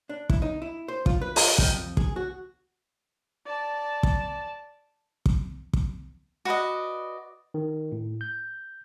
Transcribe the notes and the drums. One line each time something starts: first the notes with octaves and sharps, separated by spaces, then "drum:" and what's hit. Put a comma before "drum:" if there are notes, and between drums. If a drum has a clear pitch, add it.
D4
E4, drum: kick
D#4
E4
C5
F4, drum: kick
B4
F4, drum: open hi-hat
G5, drum: kick
F2
G#4, drum: kick
F#4
D5 A5
drum: kick
drum: kick
drum: kick
F#4 B4 D5 D#5
D#3
A2
G6